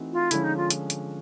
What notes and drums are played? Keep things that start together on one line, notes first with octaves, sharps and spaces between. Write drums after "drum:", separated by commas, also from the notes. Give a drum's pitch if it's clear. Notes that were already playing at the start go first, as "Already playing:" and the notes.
Already playing: E3 A3 C4 D#4 F#4
F4
D3 F3 G#3 C#4 E4, drum: hi-hat
D#4
F4
drum: hi-hat
drum: hi-hat